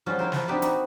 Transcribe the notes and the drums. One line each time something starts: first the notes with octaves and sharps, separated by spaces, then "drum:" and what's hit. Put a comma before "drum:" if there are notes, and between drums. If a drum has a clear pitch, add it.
F3 G3 C#4 F4 F#4 G#4
E4 F4 A#4 C5
F3 A5, drum: snare
B3 C4 D4 D#4 G4 B4
D#4 F#4, drum: hi-hat